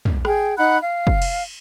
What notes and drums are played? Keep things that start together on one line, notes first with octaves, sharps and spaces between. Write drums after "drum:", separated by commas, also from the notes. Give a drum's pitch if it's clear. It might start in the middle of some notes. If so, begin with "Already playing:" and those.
drum: tom
G#4 G5, drum: rim click
D#4 F#5 B5 F#6
F5
drum: kick
drum: cymbal